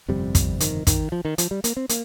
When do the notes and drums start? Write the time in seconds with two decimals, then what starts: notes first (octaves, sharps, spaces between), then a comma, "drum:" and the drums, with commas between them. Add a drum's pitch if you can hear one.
0.08 G1 F2 C3 G3
0.35 drum: kick, hi-hat
0.60 D#3, drum: hi-hat
0.87 D#3, drum: kick, hi-hat
1.12 F3
1.25 D#3
1.38 F3, drum: hi-hat
1.51 G3
1.64 A#3, drum: hi-hat
1.77 C4
1.89 A#3, drum: hi-hat